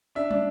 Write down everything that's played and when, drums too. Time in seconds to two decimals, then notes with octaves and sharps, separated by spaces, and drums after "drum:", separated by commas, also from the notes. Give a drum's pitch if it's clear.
0.15 D4 E5
0.31 D4, drum: tom